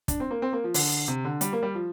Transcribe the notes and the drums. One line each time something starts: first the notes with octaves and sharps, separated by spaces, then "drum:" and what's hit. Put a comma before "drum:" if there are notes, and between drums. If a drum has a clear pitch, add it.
D4, drum: kick, hi-hat
C4
A#3
C4
A#3
F3
D3, drum: open hi-hat
C3
D3
G3, drum: hi-hat
A#3
G3
F3